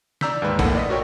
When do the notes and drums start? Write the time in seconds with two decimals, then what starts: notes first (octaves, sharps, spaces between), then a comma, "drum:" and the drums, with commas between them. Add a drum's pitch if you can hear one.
0.21 D5 A#5 E6 G6 B6, drum: snare
0.42 D#2 G#2 B4
0.59 A#1 A2 A#3 A4 F#5, drum: kick G#1, cymbal
0.75 D5 D#5 B6
0.90 F#4 A#4 C#5 G5